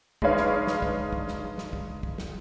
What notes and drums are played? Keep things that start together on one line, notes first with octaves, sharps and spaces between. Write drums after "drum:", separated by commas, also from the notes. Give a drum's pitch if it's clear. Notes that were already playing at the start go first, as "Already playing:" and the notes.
G#3 D4 D#4 B4 C#5 F5, drum: kick
drum: snare
drum: snare
drum: kick
drum: kick
drum: snare
drum: snare
drum: kick
drum: kick
drum: snare